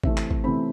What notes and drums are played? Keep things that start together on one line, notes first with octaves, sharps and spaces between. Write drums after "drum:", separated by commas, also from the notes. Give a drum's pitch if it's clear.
C3 E3 A3 C4 E5, drum: kick
drum: clap
drum: kick
C3 E3 A3 C4 B5